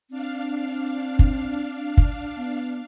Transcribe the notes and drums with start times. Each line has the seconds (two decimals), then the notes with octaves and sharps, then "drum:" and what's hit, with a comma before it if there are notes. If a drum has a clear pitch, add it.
0.10 C4 D4 F5
1.19 drum: kick
1.97 drum: kick
2.37 B3